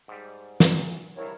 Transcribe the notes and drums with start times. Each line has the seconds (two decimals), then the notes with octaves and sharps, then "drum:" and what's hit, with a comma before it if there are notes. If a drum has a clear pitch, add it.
0.08 G#2 G3
0.60 E2 A#5, drum: snare
1.17 C2 G2 E4 A#4 C#5